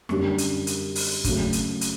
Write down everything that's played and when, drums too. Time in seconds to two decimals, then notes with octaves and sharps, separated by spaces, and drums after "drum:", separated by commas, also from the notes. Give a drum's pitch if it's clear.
0.09 F#2 D3 G3 C#4 G4, drum: rim click
0.38 drum: hi-hat
0.67 drum: hi-hat
0.95 drum: open hi-hat
1.24 C#3 F#3 A3, drum: kick, hi-hat
1.53 drum: hi-hat
1.81 drum: hi-hat